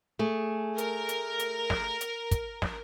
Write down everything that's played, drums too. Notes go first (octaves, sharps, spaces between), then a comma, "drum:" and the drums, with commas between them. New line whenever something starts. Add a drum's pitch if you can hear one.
A3 G#4
A#4, drum: hi-hat
drum: hi-hat
drum: hi-hat
drum: snare
drum: hi-hat
drum: kick, hi-hat
drum: snare